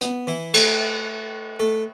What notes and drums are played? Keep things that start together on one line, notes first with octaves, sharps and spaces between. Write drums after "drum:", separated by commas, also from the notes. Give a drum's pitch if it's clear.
B3, drum: hi-hat
E3 E4
A3 A4, drum: cymbal
A3 A4